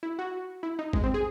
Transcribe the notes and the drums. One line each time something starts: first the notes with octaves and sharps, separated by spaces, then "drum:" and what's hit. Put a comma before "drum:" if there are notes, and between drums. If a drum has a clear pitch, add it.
E4
F#4
E4
D#4
G#3, drum: kick
C4
G#4